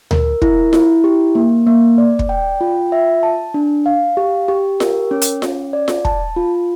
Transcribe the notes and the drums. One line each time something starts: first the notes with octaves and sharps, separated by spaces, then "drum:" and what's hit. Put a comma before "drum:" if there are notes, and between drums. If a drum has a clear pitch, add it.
A#4, drum: tom D2
E4, drum: kick
E4, drum: snare F4
G4
A#3
A#3
D5
drum: kick
G5
F4
E5
A5
D4
F5
G4
G4
A#4, drum: snare F4
C#4
drum: hi-hat
C#4, drum: snare F4
D5
drum: snare F4
A5, drum: kick
F4